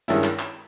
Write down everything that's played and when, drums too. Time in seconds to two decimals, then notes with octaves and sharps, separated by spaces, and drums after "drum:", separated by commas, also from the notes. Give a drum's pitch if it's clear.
0.08 G2 D#3 G#3 C#4 E4, drum: hi-hat
0.24 drum: clap
0.39 drum: clap